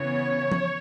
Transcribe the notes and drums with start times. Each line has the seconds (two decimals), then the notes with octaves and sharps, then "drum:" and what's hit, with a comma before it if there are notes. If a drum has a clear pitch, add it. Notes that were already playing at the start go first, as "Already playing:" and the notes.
Already playing: C#3 E3 B3 C#5
0.52 drum: tom F3